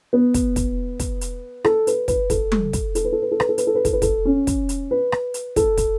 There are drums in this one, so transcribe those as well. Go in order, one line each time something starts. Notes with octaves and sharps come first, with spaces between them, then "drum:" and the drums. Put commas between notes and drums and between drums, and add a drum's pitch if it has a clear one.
B3
drum: kick, hi-hat
drum: kick, hi-hat
drum: kick, hi-hat
drum: hi-hat
A4, drum: rim click
B4, drum: hi-hat
B4, drum: kick, hi-hat
A4, drum: kick, hi-hat
drum: tom
drum: kick, hi-hat
A4, drum: hi-hat
B4
A4
B4
A4
B4, drum: rim click
A4
B4, drum: hi-hat
A4
B4
A4, drum: kick, hi-hat
B4
A4, drum: kick, hi-hat
C#4
drum: kick, hi-hat
drum: hi-hat
B4
drum: rim click
drum: hi-hat
A4, drum: kick, hi-hat
drum: kick, hi-hat